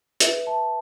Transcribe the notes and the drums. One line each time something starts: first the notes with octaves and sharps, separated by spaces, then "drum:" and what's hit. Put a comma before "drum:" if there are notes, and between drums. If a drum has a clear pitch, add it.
B4 E5, drum: hi-hat
E5 A5